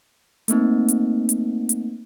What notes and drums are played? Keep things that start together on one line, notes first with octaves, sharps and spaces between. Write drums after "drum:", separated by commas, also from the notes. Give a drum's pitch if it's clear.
A3 A#3 C4 D#4, drum: hi-hat
drum: hi-hat
drum: hi-hat
drum: hi-hat